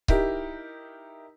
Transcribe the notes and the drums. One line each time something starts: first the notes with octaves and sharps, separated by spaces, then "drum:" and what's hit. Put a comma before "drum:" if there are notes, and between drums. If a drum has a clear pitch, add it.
D#4 E4 G4 A#4, drum: kick C#1